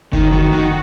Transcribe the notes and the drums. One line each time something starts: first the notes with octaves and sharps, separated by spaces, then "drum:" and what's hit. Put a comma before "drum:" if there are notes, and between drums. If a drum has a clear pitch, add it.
D#3, drum: kick F#1
F#4
D#3
D#3